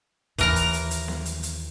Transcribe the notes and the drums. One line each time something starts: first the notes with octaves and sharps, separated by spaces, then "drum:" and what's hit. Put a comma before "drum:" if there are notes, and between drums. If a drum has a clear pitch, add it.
D#2 E3 A#4 A#5, drum: kick, hi-hat
drum: hi-hat
drum: hi-hat
drum: hi-hat
drum: snare B3
drum: hi-hat
drum: hi-hat